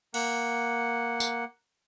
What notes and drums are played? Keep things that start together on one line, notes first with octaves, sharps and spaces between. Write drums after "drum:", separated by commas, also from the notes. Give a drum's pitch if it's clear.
A#3 F#5, drum: cymbal
drum: tambourine